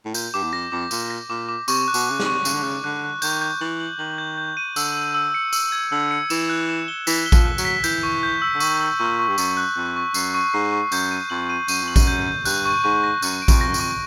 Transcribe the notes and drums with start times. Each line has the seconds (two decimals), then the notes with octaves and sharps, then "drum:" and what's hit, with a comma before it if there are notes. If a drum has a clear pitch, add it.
0.05 A2
0.14 A#2 G6, drum: tambourine
0.34 G2 D6
0.43 E2
0.53 F2 A#6
0.72 F2 D6
0.91 A#2 D6, drum: tambourine
1.10 A#6
1.30 A#2 D6
1.49 D6
1.68 C3 C#6, drum: tambourine
1.88 F#6
1.94 B2, drum: tambourine
2.07 C#3 F#6
2.20 C3, drum: snare
2.26 C#6
2.45 C#3 C#6, drum: tambourine
2.54 D3
2.62 C#3 F#6
2.84 D3 F#6
3.04 F#6
3.22 D#3 G6, drum: tambourine
3.42 G6
3.61 E3 F#7
3.80 F#7
3.99 D#3 F#7
4.18 G6
4.38 G6
4.57 D#7
4.76 D3 E6, drum: tambourine
4.95 E6
5.14 E6
5.34 C#7
5.53 E6, drum: tambourine
5.72 G#6
5.92 D3 E6
6.11 C#7
6.30 E3 E7, drum: tambourine
6.49 F#6
6.69 E7
6.88 G7
7.07 E3 B6, drum: tambourine
7.26 G7
7.32 F3, drum: kick A1, tambourine
7.45 F#6
7.58 F#3, drum: tambourine
7.65 B6
7.84 E3 G6, drum: tambourine
8.03 C#6
8.23 G6
8.42 E6
8.54 D3
8.60 D#3 C#6, drum: tambourine
8.80 E6
9.00 A#2 C#6
9.19 C#6
9.28 G2
9.38 F#2 C#6, drum: tambourine
9.57 F#6
9.76 F2 F#6
9.96 C#6
10.14 F#2 C7, drum: tambourine
10.34 C#6
10.54 G#2 C7
10.72 C#6
10.92 F#2 G6, drum: tambourine
11.11 D#7
11.30 F2 F#7
11.50 D#7
11.68 F#2 D#7, drum: tambourine
11.82 F2
11.88 F#7
11.96 F#2, drum: kick A1, tambourine
12.07 G6
12.27 G6
12.45 G2 F#6, drum: tambourine
12.66 C#6
12.84 G#2 C#6
13.03 A#6
13.22 F#2 F#6, drum: tambourine
13.42 D7
13.48 F2, drum: kick A1, tambourine
13.61 A#6
13.68 F#2
13.74 F2, drum: tambourine
13.80 C#6